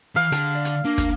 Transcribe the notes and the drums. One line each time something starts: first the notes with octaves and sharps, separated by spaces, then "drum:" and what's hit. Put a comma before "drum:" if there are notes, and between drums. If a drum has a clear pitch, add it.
E3 F5
D3 G#4 G5 A5, drum: hi-hat
D5
drum: hi-hat
A#3 D4
drum: kick, hi-hat